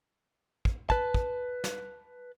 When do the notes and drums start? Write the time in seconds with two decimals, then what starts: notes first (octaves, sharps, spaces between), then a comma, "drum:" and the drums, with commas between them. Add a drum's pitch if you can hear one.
0.65 drum: kick
0.90 B4 A5, drum: kick
1.14 drum: kick
1.64 drum: snare